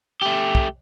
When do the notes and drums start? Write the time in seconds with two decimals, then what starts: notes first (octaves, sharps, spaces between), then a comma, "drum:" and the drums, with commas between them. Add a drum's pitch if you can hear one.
0.23 A3 G4
0.55 drum: kick